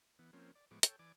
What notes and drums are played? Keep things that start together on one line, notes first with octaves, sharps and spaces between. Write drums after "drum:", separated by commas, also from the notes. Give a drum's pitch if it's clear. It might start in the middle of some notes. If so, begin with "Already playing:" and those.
E3 B3
F3 A#3 C4 C#4
D5
A2 F3 G#3 B3 C#6 D6
A4 C#5 G5, drum: hi-hat
E3 D5 G#5 D6